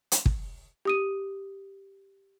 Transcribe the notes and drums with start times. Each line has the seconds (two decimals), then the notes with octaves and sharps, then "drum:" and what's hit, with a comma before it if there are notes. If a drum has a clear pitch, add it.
0.12 drum: hi-hat
0.26 drum: kick
0.85 G4 D#6 D#7